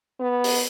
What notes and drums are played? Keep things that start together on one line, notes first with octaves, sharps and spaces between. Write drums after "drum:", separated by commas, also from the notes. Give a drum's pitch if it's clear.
B3
drum: open hi-hat